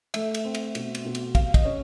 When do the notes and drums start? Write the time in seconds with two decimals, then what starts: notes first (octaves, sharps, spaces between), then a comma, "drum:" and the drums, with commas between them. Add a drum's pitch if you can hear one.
0.14 A3 E5, drum: cymbal
0.34 drum: cymbal
0.45 C4
0.55 drum: cymbal
0.75 B2, drum: cymbal
0.95 drum: cymbal
1.05 B2
1.15 drum: cymbal
1.35 C3 F5, drum: kick, cymbal
1.54 D#5, drum: kick, cymbal
1.65 C#4